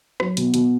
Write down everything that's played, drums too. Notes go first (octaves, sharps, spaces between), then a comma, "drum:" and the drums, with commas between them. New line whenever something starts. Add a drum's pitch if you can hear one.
F#3, drum: rim click
B2, drum: hi-hat
B2, drum: hi-hat